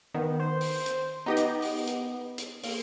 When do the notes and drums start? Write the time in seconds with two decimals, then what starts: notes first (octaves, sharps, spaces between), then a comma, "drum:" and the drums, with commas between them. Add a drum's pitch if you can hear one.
0.14 D#3 B3
0.39 C5
0.61 drum: open hi-hat
0.86 drum: hi-hat
1.26 B3 D#4 G4 D#5
1.37 drum: hi-hat
1.62 drum: open hi-hat
1.87 drum: hi-hat
2.38 drum: hi-hat
2.63 A#3, drum: open hi-hat